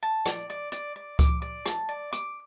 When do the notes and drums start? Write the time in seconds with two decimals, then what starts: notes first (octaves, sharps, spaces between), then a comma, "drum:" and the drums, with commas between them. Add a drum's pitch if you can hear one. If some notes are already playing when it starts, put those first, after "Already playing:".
0.03 A5
0.26 D5, drum: rim click
0.50 D5
0.72 D5, drum: hi-hat
0.96 D5
1.19 D6, drum: kick C#2, hi-hat
1.42 D5
1.66 A5, drum: rim click
1.89 D5
2.13 D6, drum: hi-hat